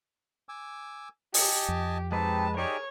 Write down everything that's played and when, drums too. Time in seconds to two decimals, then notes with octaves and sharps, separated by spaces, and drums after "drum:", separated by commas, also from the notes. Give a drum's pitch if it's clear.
0.49 G#5 D6 E6
1.34 G4 D#5 G#5 A5, drum: open hi-hat
1.68 F2
2.12 G#3 C4 D#4 G4 B4 A5
2.57 D#4 G4 G#4 A#4 C#5 D5